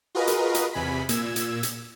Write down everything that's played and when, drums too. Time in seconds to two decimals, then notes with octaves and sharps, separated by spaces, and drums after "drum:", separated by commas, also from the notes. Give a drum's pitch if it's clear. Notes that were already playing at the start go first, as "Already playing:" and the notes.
0.15 F4 F#4 G#4 A#4 B4 D#5
0.27 drum: hi-hat
0.55 drum: hi-hat
0.73 E2 C3 G#5 B5 B6
1.09 A#2 E6 G#6, drum: hi-hat
1.36 drum: hi-hat
1.63 drum: hi-hat